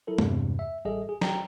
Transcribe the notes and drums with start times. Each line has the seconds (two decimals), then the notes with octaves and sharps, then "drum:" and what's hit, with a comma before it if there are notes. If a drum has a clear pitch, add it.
0.07 F#3 E4 A4 A#4
0.18 E2 G2 C3, drum: tom
0.59 E5
0.85 A1 G3 G#4 A4 D#5 E5
1.09 G#4
1.21 G5 A#5, drum: snare